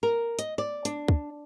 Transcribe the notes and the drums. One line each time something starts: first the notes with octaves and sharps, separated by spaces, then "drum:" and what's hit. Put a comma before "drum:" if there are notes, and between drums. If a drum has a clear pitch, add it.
A#4
D#5, drum: hi-hat
D5
D4, drum: hi-hat
drum: kick